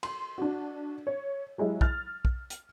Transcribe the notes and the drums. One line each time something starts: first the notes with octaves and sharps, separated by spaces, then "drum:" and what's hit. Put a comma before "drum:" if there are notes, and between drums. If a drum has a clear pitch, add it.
C6, drum: cymbal
D4 F#4
C#5
F#3 G#3 E4 G4
F6 A6, drum: kick
drum: kick
drum: hi-hat